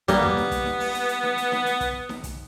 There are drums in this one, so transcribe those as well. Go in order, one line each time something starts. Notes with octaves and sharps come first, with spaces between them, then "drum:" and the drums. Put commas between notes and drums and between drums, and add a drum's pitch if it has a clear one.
G3 A#3 B3, drum: kick, hi-hat
drum: tom E2
drum: snare D#4
drum: kick, hi-hat
drum: snare D#4
drum: open hi-hat
drum: hi-hat
drum: hi-hat
drum: snare D#4
drum: hi-hat
drum: snare D#4
drum: hi-hat
drum: kick, hi-hat
drum: snare D#4
drum: kick, hi-hat